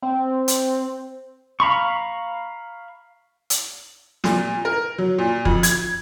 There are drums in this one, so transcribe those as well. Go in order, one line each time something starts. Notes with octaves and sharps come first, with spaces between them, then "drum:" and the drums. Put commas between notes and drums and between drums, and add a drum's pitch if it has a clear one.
C4
drum: hi-hat
F5 A#5 B5 C#6
drum: hi-hat
A#2, drum: snare
A#4
F#3
A#2
F2, drum: kick
G#6, drum: hi-hat